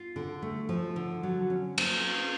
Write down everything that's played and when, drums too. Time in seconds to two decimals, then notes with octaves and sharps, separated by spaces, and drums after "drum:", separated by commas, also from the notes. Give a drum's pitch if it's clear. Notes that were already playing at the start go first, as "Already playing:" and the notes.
Already playing: F4
0.16 D3
0.42 A3
0.69 F3
0.96 D3
1.23 F#3
1.50 C#4
1.78 A#3, drum: cymbal